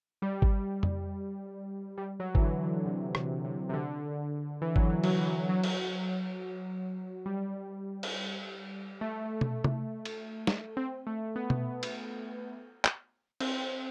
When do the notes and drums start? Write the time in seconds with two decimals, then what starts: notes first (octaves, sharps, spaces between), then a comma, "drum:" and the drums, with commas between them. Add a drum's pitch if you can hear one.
0.22 G3
0.42 drum: kick G#1
0.83 drum: tom F2
1.98 G3
2.20 F#3
2.35 E3, drum: kick G#1
2.42 D3
2.63 D3
2.85 C3
3.15 C3, drum: rim click
3.45 C3
3.69 C3
3.73 D3
4.62 E3
4.76 F#3, drum: kick G#1
4.89 E3
5.04 F#3, drum: cymbal
5.17 E3
5.49 F#3
5.64 drum: cymbal
7.26 G3
8.03 drum: cymbal
9.01 A3
9.41 drum: tom B2
9.64 drum: tom C3
10.05 drum: cymbal
10.47 drum: snare
10.77 C4
11.07 A3
11.36 B3
11.50 drum: tom B2
11.83 drum: cymbal
12.85 drum: clap
13.40 C4, drum: cymbal